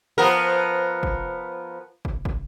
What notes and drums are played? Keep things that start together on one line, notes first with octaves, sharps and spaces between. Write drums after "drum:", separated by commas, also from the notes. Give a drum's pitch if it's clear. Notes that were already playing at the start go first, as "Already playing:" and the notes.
F3 B3 A#4
drum: kick
drum: kick
drum: kick